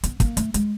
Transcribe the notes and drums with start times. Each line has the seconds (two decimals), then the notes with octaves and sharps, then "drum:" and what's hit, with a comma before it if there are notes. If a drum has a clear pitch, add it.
0.04 B3, drum: hi-hat
0.20 A#3, drum: kick, hi-hat
0.37 A3, drum: hi-hat
0.54 G#3, drum: hi-hat